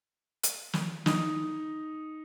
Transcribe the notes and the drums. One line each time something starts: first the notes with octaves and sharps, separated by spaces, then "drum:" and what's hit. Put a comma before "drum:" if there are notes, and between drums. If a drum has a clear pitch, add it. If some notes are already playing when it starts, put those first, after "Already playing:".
drum: hi-hat
drum: snare
D#4, drum: snare